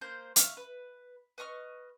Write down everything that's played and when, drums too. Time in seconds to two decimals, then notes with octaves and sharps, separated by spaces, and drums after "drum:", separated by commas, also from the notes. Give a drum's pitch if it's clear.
0.01 A#3 C5 C6 G6
0.36 E5 F5 C#6, drum: hi-hat
0.57 B4
1.38 B4 D#5 C#6 F6